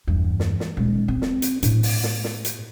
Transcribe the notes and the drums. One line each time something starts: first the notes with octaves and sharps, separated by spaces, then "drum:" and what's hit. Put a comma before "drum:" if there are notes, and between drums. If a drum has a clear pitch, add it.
E2 G2
drum: snare
drum: snare
D#1 G#3
C4
drum: snare
drum: hi-hat
A2 D4, drum: hi-hat
drum: open hi-hat
drum: snare
drum: snare
drum: hi-hat